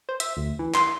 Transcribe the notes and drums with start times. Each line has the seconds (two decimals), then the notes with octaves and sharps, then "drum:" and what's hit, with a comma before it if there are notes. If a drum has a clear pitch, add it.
0.09 C5
0.20 E5, drum: hi-hat
0.37 D2
0.59 E3
0.75 C6, drum: clap